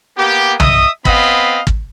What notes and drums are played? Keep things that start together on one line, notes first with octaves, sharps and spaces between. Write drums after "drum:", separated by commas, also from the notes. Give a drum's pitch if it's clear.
A#3 B3 G4
D#5 E5 D#6, drum: tom
B3 C4 D#5 F5 B5, drum: kick
drum: kick